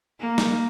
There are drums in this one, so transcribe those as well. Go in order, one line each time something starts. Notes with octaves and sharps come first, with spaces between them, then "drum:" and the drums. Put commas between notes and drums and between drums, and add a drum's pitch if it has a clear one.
A#3
drum: snare